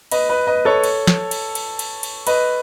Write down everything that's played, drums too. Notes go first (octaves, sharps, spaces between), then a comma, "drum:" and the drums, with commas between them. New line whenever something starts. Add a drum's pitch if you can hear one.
B4 D#5, drum: cymbal
B4 D#5
B4 D#5
A4 C#5
drum: cymbal
drum: snare
drum: cymbal
drum: cymbal
drum: cymbal
drum: cymbal
B4 D#5, drum: cymbal